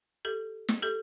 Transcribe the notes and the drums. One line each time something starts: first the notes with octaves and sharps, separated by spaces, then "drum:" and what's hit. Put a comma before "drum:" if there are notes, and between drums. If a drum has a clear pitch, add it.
G4 A4
drum: snare
G4 A4